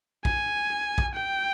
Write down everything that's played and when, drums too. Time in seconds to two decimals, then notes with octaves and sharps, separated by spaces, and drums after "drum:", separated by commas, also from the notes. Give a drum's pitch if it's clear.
0.25 G#5, drum: kick A#1
0.98 drum: kick A#1
1.15 G5